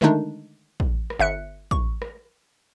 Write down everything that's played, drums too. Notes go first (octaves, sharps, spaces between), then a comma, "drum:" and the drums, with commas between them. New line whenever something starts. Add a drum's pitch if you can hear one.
D3 D#3 G#3 A3 D4 D#4
drum: kick
drum: rim click
G1 E5 F#6 C#7
C#6, drum: kick
drum: rim click